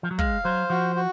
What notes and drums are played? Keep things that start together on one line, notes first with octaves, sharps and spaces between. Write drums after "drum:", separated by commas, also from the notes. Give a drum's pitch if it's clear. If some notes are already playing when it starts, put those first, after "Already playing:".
F3
F#3
G#3 F5, drum: kick
F#3 C5
F3 F#4
F#4